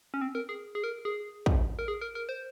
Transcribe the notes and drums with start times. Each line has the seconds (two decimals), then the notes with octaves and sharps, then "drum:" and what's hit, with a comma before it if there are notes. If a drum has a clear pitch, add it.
0.14 C#4
0.21 C4
0.35 A#4
0.49 G#4
0.75 G#4
0.84 A#4
1.05 G#4
1.46 drum: kick
1.79 A#4
1.88 G#4
2.01 A#4
2.15 A#4
2.29 C5